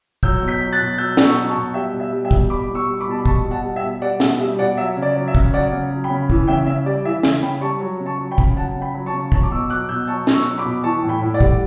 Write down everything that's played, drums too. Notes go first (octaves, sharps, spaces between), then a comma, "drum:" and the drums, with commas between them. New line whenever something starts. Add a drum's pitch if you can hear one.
F#3 E6 G6, drum: kick
B2
G6 B6
F#3
F#6 A6
B2
F#3 E6 G6
B2, drum: snare
C#6 E6
F#3
A5 C#6
B2
G3 E5 G5
B2
E5
G3
E5 G5
B2, drum: kick
G3 B5 D6
B2
C#6 E6
G3
B5 D6
B2 A5
B5
G3 A5 C#6, drum: kick
B2
F#5 A5
G3
E5 G5
B2
G3 D5 F#5
B2 E5, drum: snare
G3 E5
B2 D5 F#5
F#3 E5
C#3
D5
F#3
E5
C#3, drum: kick
F#3 D5 F#5
C#3
F#3
G5 B5
C#3
E3, drum: kick
C#3 E5 G5
C#3 E5
G3 D5
E3 E5
C#3 E5, drum: snare
C#3 G5 B5
G3 A5 C#6
F#3
C#3
A5 C#6
F#3
G5 B5
C#3, drum: kick
F#3 F#5 A5
C#3
G5 B5
F#3
A5 C#6
C#3
F#3 A5 C#6, drum: kick
D6
B2 C#6 E6
F#3 D6 F#6
B2 E6 G6
F#3 A5 C#6
B2, drum: snare
C#6 E6
F#3
B5 D6
B2
E3 A5 C#6
A2
G5 B5
A2
D5 F#5
G3, drum: kick